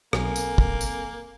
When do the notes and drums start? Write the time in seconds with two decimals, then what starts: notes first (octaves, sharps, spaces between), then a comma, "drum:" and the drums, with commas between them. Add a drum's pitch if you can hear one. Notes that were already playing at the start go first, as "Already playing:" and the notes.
0.13 B1 A#3 C4 A4 G#5, drum: rim click
0.36 drum: tambourine
0.58 drum: kick
0.81 drum: tambourine